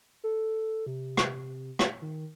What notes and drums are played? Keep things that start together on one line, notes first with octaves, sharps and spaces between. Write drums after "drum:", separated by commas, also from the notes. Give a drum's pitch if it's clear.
A4
C3
drum: rim click
drum: rim click
D#3